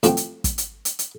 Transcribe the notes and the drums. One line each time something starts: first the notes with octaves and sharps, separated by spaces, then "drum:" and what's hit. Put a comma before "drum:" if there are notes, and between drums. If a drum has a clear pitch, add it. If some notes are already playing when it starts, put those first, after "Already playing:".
A2 F3 C4 F#4 G5, drum: hi-hat
drum: hi-hat
drum: kick, hi-hat
drum: hi-hat
drum: hi-hat
drum: hi-hat